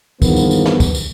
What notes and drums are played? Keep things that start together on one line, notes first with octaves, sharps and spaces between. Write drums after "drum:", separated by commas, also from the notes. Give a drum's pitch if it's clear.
E2 G2 D#3 F3 A#3 B3, drum: kick, tambourine
drum: tambourine
drum: tambourine
drum: snare
drum: kick, tambourine
drum: tambourine